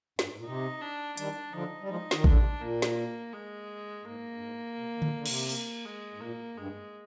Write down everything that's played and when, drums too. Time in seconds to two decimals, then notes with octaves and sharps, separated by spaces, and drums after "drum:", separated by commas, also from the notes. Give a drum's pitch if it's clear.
0.19 G2, drum: snare
0.28 G#2
0.37 A#2
0.45 C3 D#4
0.81 D4
1.17 D#3 G3 D4, drum: hi-hat
1.53 D3 F3 D#4
1.81 G3
1.89 F3 G#3 D#4
2.11 D#3, drum: snare
2.24 D3 D4, drum: kick A1
2.37 C3
2.61 A#2 A#3
2.82 drum: snare
3.33 G#3
4.05 G#2 A#3
4.34 G2
4.41 G#2
4.77 C3
4.96 D#3
5.02 A#2 D3, drum: tom D3
5.18 D3
5.26 C3, drum: cymbal
5.49 A#3, drum: open hi-hat
5.85 G#3
6.14 G#2
6.21 A#2 A#3
6.57 G2 G#3